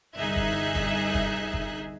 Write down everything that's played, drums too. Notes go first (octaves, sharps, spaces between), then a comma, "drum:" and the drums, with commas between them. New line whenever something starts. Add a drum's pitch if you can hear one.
G1 C2 D#4 G#4 E5 F#6
drum: kick
drum: kick
drum: kick
drum: kick